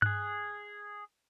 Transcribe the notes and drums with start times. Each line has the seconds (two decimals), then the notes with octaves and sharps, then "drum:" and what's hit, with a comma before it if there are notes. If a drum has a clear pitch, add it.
0.02 G#4 F#6, drum: tom G2